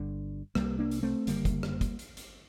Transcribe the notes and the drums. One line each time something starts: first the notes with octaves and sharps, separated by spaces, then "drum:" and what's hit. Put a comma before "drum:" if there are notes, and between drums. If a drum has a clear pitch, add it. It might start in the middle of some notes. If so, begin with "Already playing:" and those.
Already playing: G1 G2 D3
C2 C3 G3 A#3, drum: rim click
A#3 D4
drum: hi-hat
A3 C4
F#1 F#2 D3 G3 A#3, drum: hi-hat
drum: kick, hi-hat
drum: rim click
drum: kick, hi-hat
drum: hi-hat
drum: hi-hat